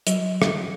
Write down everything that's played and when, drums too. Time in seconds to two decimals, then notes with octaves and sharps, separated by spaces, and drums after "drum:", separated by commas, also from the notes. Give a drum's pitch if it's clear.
0.07 F#3, drum: hi-hat
0.42 drum: rim click